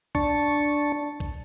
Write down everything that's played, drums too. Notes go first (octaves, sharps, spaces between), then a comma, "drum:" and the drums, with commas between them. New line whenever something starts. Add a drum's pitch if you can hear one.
D4 A5 C#6, drum: kick
drum: kick